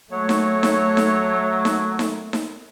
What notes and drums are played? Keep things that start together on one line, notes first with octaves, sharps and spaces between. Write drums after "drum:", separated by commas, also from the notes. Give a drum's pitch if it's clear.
F#3 A3 C#5
drum: snare D#4
drum: snare D#4
drum: snare D#4
drum: snare D#4
drum: snare D#4
drum: snare D#4